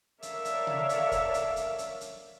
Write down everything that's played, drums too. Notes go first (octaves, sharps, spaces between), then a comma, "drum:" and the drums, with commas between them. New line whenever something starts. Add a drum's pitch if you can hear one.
A4 A#4 C#5 D5 E5 F5, drum: hi-hat
drum: hi-hat
drum: tom C3
drum: hi-hat
drum: kick, hi-hat
drum: hi-hat
drum: hi-hat
drum: hi-hat
drum: hi-hat